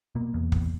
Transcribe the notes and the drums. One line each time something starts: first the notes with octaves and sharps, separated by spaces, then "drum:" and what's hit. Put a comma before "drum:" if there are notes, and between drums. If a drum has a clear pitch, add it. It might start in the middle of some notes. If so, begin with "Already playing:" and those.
B2 A#3
E2
E2, drum: kick